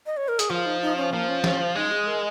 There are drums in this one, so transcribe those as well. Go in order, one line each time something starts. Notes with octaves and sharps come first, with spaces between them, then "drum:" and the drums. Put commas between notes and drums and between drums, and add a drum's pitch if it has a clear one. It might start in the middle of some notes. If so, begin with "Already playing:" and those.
D#5
C#5
A#4
G#4, drum: hi-hat
F3 F4
D#4
D#4
C#4
F3 A#3
C#4
C#4, drum: snare
G#3 D#4
G#4
A#4